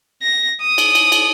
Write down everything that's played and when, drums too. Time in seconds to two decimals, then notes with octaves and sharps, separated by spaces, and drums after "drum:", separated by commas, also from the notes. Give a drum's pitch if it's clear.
0.22 A#6
0.61 D#6
0.78 drum: cymbal
0.95 drum: cymbal
1.12 drum: cymbal